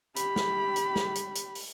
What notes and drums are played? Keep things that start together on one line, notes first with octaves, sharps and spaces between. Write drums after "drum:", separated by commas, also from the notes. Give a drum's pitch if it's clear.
G4 B5, drum: hi-hat
drum: snare
drum: hi-hat
drum: snare
drum: hi-hat
drum: hi-hat
drum: open hi-hat